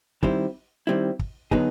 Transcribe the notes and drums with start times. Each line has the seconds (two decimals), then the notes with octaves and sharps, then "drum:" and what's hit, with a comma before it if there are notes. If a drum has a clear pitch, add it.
0.23 D#3 G3 C4 E4, drum: kick
0.87 D#3 G3 C4 E4
1.19 drum: kick
1.51 D3 F#3 B3 D#4 G#4, drum: kick